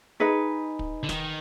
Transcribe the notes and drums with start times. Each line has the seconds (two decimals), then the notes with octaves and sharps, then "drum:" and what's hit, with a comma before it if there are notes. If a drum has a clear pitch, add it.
0.20 D#4 G#4 B4
0.79 drum: kick
1.03 D3
1.09 D#3, drum: snare